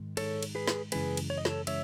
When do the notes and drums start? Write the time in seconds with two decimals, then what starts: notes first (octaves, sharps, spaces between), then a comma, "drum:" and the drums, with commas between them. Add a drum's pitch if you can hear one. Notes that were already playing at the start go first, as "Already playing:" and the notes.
Already playing: G#2 D#3 G#3
0.17 G#2 D#3 G#3 A4 C#5, drum: cymbal
0.43 drum: cymbal
0.55 G#4 B4
0.67 drum: snare
0.92 F#2 C#3 E3 G#3 G#4 B4, drum: cymbal
1.17 drum: cymbal
1.30 C#5
1.38 D#5
1.45 A4 C#5, drum: snare
1.67 C#3 E3 G#3 C#5 E5, drum: cymbal